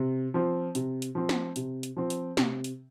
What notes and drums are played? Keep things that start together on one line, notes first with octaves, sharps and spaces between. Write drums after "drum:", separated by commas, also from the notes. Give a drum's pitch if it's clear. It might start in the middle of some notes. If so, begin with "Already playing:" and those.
Already playing: C3
F3 C4
C3, drum: hi-hat
drum: hi-hat
F3 C4
drum: snare
C3, drum: hi-hat
drum: hi-hat
F3 C4
drum: hi-hat
C3, drum: snare
drum: hi-hat